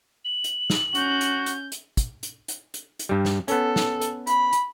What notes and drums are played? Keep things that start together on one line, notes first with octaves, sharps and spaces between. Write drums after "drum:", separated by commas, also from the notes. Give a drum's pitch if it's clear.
F#7
drum: hi-hat
drum: snare
C#4 F#4 G6, drum: hi-hat
drum: hi-hat
drum: hi-hat
drum: hi-hat
drum: kick, hi-hat
drum: hi-hat
drum: hi-hat
drum: hi-hat
drum: hi-hat
G2 G3
drum: snare
B3 C#4 A4, drum: hi-hat
drum: snare
drum: hi-hat
B5, drum: hi-hat
drum: hi-hat